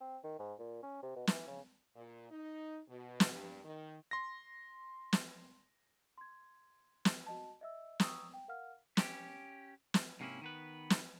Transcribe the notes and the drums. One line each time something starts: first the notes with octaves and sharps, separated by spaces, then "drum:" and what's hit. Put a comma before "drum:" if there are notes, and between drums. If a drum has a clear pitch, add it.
C4
D#3
G#2
A#2
C#4
C3
B2
E3, drum: snare
C#3
A#2
D#4
B2
drum: snare
G2
D#3
C6 A#6
drum: snare
C6 G#6
drum: snare
F#4 D#5 A5
D#5 E5 E6
G5 A#5 C#6 D#6 E6, drum: snare
G5
A#4 F5 F#5 F6
C#4 G4, drum: snare
drum: snare
G#2 C3 A#3 C#4 E4
D#3 B3 B4
drum: snare